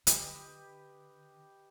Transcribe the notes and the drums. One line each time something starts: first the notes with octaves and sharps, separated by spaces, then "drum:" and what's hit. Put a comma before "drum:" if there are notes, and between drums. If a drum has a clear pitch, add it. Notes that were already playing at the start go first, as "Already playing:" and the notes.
D3 G4 B4 D#5, drum: hi-hat